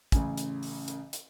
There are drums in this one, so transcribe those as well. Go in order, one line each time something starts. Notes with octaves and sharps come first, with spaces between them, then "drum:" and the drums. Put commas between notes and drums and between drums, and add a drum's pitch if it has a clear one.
A1 C#3 G#5, drum: kick, hi-hat
drum: hi-hat
drum: open hi-hat
drum: hi-hat
drum: hi-hat